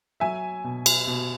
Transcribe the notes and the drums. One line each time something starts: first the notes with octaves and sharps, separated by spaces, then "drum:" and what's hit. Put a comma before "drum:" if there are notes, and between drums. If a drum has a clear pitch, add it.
F#3 E5 G#5
B2
drum: cymbal
B2